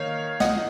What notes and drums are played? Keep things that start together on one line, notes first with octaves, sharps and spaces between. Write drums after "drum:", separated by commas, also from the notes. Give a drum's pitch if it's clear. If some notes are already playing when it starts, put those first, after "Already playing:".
Already playing: D#3 A#3 D#4 C#5 F5
D#5 F#5, drum: snare